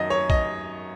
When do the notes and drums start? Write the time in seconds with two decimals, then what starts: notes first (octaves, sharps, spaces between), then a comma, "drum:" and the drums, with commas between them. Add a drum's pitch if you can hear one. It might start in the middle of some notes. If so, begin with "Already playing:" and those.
Already playing: F#2 D#3 F#3 D#5
0.10 C#5
0.30 D#5, drum: kick